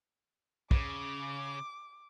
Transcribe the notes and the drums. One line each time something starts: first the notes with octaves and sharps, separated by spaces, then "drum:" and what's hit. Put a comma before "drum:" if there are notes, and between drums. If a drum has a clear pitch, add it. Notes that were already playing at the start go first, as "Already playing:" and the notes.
C#3 D6, drum: kick